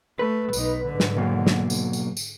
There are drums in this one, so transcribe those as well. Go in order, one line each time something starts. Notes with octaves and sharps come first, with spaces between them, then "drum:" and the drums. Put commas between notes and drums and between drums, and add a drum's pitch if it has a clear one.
A3 B4
B1 D#4, drum: tambourine
G#2 D3
drum: snare
B2 F#3 A#3
drum: snare
drum: tambourine
drum: tambourine
drum: tambourine